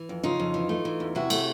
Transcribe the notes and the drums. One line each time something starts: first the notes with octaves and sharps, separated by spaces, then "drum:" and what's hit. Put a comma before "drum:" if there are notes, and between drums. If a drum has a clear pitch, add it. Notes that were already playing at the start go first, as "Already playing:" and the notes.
Already playing: E3
F2
C#3 D#4 F4
F2
E3
A3
E3
E2
C3 E4 F#4
A3, drum: cymbal